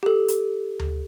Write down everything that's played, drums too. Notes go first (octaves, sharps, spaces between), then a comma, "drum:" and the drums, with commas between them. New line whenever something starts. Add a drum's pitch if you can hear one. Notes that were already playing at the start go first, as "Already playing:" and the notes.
G4 A4
drum: hi-hat
drum: tom D2